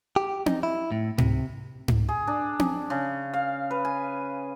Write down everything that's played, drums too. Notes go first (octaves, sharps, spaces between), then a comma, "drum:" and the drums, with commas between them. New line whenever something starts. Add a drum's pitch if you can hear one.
G4
D#4, drum: tom C4
E4
A2
C3, drum: tom G#2
drum: tom G#2
G#4
D4
drum: tom C4
C#3
F5
B4
G#5